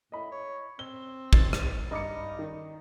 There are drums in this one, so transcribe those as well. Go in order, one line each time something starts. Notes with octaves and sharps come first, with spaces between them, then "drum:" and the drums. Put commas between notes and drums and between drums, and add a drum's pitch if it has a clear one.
A2 D#5 B5
C#5
C4 G7
D#3 A6 C7, drum: kick
drum: rim click
G2 D#4 D6 C#7
D#3